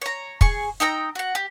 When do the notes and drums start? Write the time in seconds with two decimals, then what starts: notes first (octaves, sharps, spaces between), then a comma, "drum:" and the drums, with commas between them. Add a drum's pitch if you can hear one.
0.02 C#5 A#5
0.41 G#4 C#6, drum: kick
0.80 D#4 G5 A#5 E6
1.15 F#4 F#5
1.35 G4